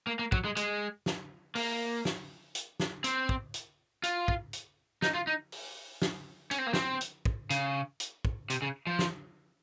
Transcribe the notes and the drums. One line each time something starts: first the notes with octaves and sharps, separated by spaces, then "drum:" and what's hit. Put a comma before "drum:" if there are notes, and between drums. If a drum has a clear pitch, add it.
A#3
A#3
F#3, drum: kick
G#3
G#3, drum: hi-hat
drum: snare
A#3, drum: open hi-hat
drum: snare
drum: hi-hat
drum: snare
C4, drum: hi-hat
drum: kick
drum: hi-hat
F4, drum: hi-hat
drum: kick
drum: hi-hat
D#4, drum: snare
F4
D#4
drum: open hi-hat
drum: snare
C#4, drum: hi-hat
C4
A#3
C4, drum: snare
drum: hi-hat
drum: kick
C#3, drum: hi-hat
drum: hi-hat
drum: kick
C3, drum: hi-hat
C#3
F3
drum: snare